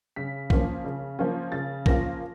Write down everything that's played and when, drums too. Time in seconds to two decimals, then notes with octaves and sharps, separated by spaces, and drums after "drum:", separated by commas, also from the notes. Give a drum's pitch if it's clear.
0.16 C#3 B6
0.50 F3 A#3 C#4 F4, drum: kick
0.85 C#3
1.19 F3 A#3 C#4 F4
1.52 C#3 A6
1.86 F3 A#3 C#4 F4 A#6, drum: kick